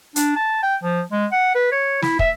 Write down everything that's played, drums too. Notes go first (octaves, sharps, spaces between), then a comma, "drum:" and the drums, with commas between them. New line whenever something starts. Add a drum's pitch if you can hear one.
D4, drum: hi-hat
A5
G5
F3
G#3
F#5
B4
C#5
E4, drum: snare
E5, drum: kick